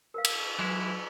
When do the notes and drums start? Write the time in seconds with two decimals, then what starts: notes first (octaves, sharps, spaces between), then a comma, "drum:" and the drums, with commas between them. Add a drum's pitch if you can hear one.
0.14 A#4 B4 F5
0.24 drum: cymbal
0.59 E3 F#3 G#3 E4